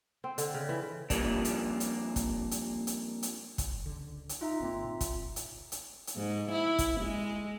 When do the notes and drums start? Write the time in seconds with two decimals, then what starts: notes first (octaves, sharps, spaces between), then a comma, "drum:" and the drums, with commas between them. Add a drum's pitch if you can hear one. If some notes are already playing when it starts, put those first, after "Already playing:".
0.24 C4
0.38 D3, drum: hi-hat
0.54 C#3
0.69 E3
1.10 F2 A#2 C#3 G3 A#3 D4, drum: kick, hi-hat
1.45 drum: hi-hat
1.80 drum: hi-hat
2.16 drum: kick, hi-hat
2.51 drum: hi-hat
2.87 drum: hi-hat
3.23 drum: hi-hat
3.58 drum: kick, hi-hat
3.86 C#2 D3
4.29 drum: hi-hat
4.41 D#4 F4 E5 A#5
4.60 G1 B2 A#3 C4
4.84 A#2
5.01 drum: kick, hi-hat
5.36 drum: hi-hat
5.72 drum: hi-hat
6.07 drum: hi-hat
6.17 G#2
6.52 E4
6.79 drum: kick, hi-hat
7.00 G#3